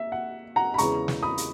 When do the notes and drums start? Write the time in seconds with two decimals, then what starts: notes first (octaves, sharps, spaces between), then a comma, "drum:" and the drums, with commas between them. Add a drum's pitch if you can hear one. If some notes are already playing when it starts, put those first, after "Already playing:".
Already playing: A#3 E5
0.12 F#5
0.56 F#5 A#5
0.74 B5
0.78 E2 C#3 G#3 A#5 C#6, drum: hi-hat
1.08 drum: snare
1.23 B5 D#6
1.38 drum: hi-hat